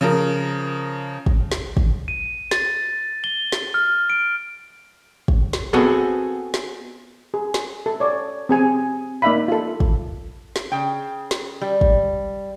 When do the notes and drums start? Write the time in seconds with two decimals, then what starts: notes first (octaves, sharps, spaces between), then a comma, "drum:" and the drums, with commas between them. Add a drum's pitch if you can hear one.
0.01 C#3 F3 A#4
1.26 drum: kick
1.52 drum: snare
1.77 drum: kick
2.08 D#7
2.51 A6, drum: snare
3.24 G7
3.52 drum: snare
3.74 F6
4.10 D7
5.28 drum: kick
5.53 drum: snare
5.73 B3 C4 F#4 G#4 A4
6.54 drum: snare
7.34 G#4
7.54 drum: snare
7.86 A4
8.00 C#5 D5
8.49 C4 G#4 G#5
9.22 A#3 D#4 D5 E5 F5 B5
9.48 F4 A4
9.80 drum: kick
10.56 drum: snare
10.72 C#3 G5
11.31 drum: snare
11.61 G3
11.81 drum: kick